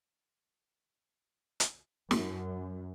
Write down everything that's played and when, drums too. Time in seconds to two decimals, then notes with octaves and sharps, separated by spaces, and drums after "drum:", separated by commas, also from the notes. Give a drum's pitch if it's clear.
1.60 drum: hi-hat
2.11 F#2, drum: snare